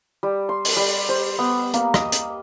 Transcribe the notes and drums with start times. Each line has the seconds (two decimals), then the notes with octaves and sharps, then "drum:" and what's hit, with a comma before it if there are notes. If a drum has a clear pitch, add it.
0.23 G3
0.49 C6
0.65 drum: open hi-hat
0.76 G3
1.09 C5
1.39 B3
1.74 A#3, drum: hi-hat
1.94 D#5, drum: rim click
2.12 drum: hi-hat